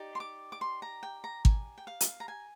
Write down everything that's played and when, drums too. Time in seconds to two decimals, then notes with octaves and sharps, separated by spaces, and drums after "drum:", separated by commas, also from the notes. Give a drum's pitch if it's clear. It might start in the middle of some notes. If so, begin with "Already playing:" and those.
Already playing: D#4 G4 D5
0.15 C6
0.20 D6
0.52 D6
0.61 C6
0.82 A#5
1.03 G5
1.24 A#5
1.45 G#5, drum: kick
1.78 G5
1.87 F5
2.01 drum: hi-hat
2.20 A#5
2.28 G#5